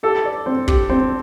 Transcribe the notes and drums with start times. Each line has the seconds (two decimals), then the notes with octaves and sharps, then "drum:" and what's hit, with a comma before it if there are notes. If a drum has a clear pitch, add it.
0.03 G4 A4
0.25 D5
0.46 C4
0.68 G4, drum: kick
0.90 C4